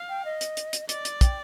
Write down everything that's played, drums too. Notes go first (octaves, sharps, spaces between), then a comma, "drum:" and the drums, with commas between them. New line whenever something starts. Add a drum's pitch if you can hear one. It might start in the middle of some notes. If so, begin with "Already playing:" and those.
Already playing: F5
G5
D#5
drum: hi-hat
drum: hi-hat
drum: hi-hat
D5 D#5, drum: hi-hat
drum: hi-hat
G5, drum: kick, hi-hat